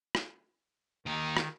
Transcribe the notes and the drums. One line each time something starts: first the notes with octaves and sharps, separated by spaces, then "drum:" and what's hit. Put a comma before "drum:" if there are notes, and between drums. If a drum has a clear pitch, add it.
drum: rim click
D#2 D#3 D#4
drum: rim click